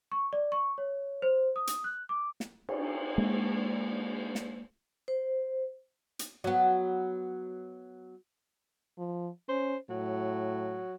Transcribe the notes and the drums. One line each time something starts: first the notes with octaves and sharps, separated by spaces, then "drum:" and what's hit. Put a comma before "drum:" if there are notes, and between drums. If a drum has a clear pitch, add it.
C#6
D5
C#6
C#5
C5
D#6
drum: hi-hat
F#6
D6
drum: snare
drum: cymbal
G#3 A#3
drum: snare
C5
drum: hi-hat
F#3 B3
F3
C#4 C5
A2 F#3